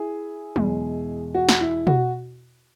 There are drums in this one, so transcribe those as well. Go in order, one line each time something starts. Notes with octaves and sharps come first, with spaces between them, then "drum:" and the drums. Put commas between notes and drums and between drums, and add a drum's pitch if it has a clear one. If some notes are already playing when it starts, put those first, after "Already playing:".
Already playing: E4 G#4
E2 B2 G#3, drum: tom F#3
F#4
drum: snare
E4
F#4, drum: tom B2